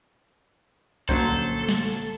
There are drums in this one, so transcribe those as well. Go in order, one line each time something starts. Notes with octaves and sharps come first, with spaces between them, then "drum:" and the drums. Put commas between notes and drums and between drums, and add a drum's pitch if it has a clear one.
A#1 D3 F#3 C#4 A4 C5, drum: kick C2
drum: snare
drum: hi-hat